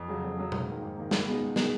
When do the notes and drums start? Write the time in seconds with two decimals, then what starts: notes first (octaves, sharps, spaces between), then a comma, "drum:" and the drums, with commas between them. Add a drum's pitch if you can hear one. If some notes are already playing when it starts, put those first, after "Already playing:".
Already playing: F2
0.08 C#3 F#3
0.23 F2
0.37 C#3 F#3
0.52 G#2, drum: tom B2
0.67 D#3 A#3
0.82 G#2
0.97 D#3 A#3
1.11 C#2, drum: snare
1.26 B2 G#3 B3 D#4
1.41 C#2
1.56 B2 G#3 B3 D#4, drum: snare